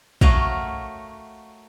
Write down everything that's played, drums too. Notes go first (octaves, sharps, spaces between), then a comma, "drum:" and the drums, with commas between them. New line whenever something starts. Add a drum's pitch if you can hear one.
A3 F#4 A#4 C#5 D#5 F5, drum: kick